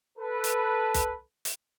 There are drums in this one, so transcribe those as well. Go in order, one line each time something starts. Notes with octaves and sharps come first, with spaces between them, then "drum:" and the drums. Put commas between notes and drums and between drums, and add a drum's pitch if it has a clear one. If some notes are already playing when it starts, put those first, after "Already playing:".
A4 B4
drum: hi-hat
drum: kick, hi-hat
drum: hi-hat